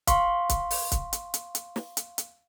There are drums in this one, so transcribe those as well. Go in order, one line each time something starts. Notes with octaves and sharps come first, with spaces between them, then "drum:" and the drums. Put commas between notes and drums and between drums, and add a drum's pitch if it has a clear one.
F5 C6 C#6, drum: kick, hi-hat
drum: kick, hi-hat
drum: open hi-hat
drum: kick, hi-hat
drum: hi-hat
drum: hi-hat
drum: hi-hat
drum: snare
drum: hi-hat
drum: hi-hat